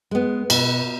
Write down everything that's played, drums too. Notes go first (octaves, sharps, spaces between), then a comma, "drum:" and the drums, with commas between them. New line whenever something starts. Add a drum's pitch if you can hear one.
G#3 B3
B2, drum: cymbal